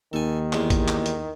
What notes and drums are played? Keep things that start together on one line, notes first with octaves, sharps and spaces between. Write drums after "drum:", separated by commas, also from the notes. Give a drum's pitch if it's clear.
D#2 D#3 A4 G#5
E2 G#3, drum: clap
drum: kick A1, hi-hat
drum: clap
drum: hi-hat